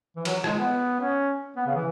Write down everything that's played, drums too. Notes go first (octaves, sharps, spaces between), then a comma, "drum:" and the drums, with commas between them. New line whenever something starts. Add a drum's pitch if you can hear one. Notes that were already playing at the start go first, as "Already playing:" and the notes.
E3
F#3, drum: cymbal
G#3, drum: rim click
B3
C#4
B3
C#3
E3